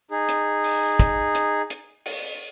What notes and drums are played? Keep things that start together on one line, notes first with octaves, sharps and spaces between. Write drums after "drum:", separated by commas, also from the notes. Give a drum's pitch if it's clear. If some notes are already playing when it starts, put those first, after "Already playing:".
D#4 G#4
drum: hi-hat
drum: open hi-hat
drum: kick, hi-hat
drum: hi-hat
drum: hi-hat
drum: open hi-hat